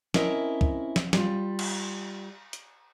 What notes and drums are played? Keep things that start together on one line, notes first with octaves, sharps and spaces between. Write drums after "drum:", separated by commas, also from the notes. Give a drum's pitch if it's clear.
C4 C#4 E4 A#4 D#5 E5, drum: snare
drum: kick
drum: snare
G3 F4, drum: snare
drum: cymbal
drum: hi-hat